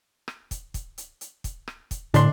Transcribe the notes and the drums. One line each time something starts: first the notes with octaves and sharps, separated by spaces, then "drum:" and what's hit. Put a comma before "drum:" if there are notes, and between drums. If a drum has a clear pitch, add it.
drum: rim click
drum: kick, hi-hat
drum: kick, hi-hat
drum: hi-hat
drum: hi-hat
drum: kick, hi-hat
drum: rim click
drum: kick, hi-hat
A2 D3 D4 C6, drum: kick, hi-hat